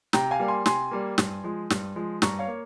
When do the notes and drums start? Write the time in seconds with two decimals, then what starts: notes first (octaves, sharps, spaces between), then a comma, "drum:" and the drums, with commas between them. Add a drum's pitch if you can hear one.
0.13 C3 G5 A#5, drum: snare
0.31 F5 G#5
0.40 G3 A#3
0.48 G#5 C6
0.66 C3 G#5 C6, drum: snare
0.91 G3 A#3
1.18 G2, drum: snare
1.44 F3 G#3
1.70 G2, drum: snare
1.96 F3 G#3
2.22 G2 A#5 C#6, drum: snare
2.39 C#5 F5
2.48 A#3